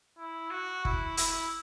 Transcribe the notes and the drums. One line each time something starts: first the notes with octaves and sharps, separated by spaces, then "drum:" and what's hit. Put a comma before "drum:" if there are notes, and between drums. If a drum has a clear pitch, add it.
E4
F#4
E4, drum: kick F#1
E4, drum: hi-hat